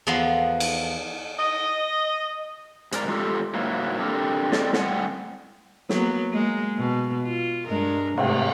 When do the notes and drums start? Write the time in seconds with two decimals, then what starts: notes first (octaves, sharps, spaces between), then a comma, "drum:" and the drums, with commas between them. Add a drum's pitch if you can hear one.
0.07 E2 F3 B3 A4 A#5 C6
0.60 drum: cymbal
1.38 D#5
2.92 G#2 G#3 A#4 D5 A#5, drum: hi-hat
3.08 G#3 F4 G4 A4
3.54 G#2 F#3 A#3 E4
4.00 C4 D4 G4 A4 A#4
4.52 C4 A4 D5 D#5, drum: snare
4.73 A2 G3 C4 F#5 G#5, drum: snare
5.89 F#3 A#3 B3, drum: snare
6.32 G#3 A#3
6.77 B2
7.24 F4
7.67 G2 G#3 A#4
8.18 G#2 C3 A3, drum: cymbal